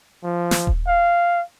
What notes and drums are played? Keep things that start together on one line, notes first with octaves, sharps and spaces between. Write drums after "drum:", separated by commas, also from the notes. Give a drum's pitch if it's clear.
F3
drum: snare
drum: kick D#1
F5